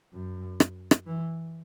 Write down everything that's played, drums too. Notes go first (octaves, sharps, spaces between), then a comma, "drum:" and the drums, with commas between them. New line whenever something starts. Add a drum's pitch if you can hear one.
F#2
drum: rim click
drum: rim click
E3